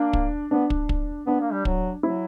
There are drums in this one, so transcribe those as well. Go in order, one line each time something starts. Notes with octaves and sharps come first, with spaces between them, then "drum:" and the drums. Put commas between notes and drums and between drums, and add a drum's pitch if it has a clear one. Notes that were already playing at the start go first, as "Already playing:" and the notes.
Already playing: A#3 D4
drum: kick
B3 D4
drum: kick
drum: kick
B3 D4
A#3
G3
F#3, drum: kick
F#3 E4